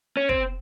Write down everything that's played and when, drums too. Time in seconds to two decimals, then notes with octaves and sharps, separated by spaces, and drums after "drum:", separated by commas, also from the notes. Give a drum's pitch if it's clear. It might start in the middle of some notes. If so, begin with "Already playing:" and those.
0.17 C#4
0.29 C4, drum: kick